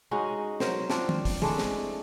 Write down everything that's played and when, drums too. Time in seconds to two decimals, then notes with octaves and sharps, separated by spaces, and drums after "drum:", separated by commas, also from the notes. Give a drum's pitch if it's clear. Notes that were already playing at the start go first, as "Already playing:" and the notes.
0.11 G#3 C#4 D#4 F#4
0.60 F#3 A#4 C5, drum: snare
0.90 C4 D4 F4, drum: snare
1.09 drum: tom
1.25 drum: kick, open hi-hat
1.42 G#3 A3 D4 E4, drum: tom
1.58 drum: snare